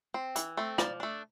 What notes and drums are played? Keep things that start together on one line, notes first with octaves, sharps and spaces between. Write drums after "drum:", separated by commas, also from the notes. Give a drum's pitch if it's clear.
C4
E3, drum: hi-hat
A3 C4
F3 D5, drum: rim click
A3 D4